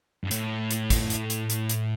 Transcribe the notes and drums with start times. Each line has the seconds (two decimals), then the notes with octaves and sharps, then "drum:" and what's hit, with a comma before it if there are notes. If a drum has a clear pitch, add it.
0.24 G2
0.31 A2, drum: hi-hat
0.71 drum: hi-hat
0.90 drum: kick, hi-hat
1.10 drum: hi-hat
1.30 drum: hi-hat
1.50 drum: hi-hat
1.69 drum: hi-hat